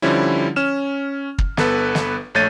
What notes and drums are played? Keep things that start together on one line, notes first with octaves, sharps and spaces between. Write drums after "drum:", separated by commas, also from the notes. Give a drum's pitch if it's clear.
D3 F3 G3 C#4 E4
C#4 F6 E7
drum: kick
G1 B3 A4 B4, drum: snare
drum: snare
A#1 A3 C#5 G6 A6 D#7